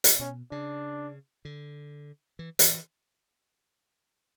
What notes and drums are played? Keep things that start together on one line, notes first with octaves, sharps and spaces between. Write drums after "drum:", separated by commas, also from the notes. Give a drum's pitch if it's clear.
drum: hi-hat
B2 C#4
C#3 D4
D3
E3
E3, drum: hi-hat